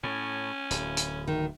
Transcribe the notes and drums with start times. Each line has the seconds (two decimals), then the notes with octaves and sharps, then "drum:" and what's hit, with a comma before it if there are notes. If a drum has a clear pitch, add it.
0.04 A2 C#4
0.71 D1, drum: hi-hat
0.97 drum: hi-hat
1.27 D#3